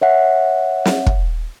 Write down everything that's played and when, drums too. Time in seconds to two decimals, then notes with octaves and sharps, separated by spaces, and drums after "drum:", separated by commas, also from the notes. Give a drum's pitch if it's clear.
0.01 C#5 E5 F#5
0.85 drum: snare
1.06 drum: kick